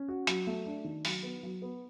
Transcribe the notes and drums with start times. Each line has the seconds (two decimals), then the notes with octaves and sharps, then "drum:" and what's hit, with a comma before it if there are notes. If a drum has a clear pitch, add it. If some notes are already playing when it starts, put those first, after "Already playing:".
Already playing: C#4
0.08 F#4
0.27 F#3, drum: hi-hat
0.47 A3
0.66 D4
0.84 D#3
1.05 F#3, drum: open hi-hat
1.23 B3
1.43 F#3
1.62 B3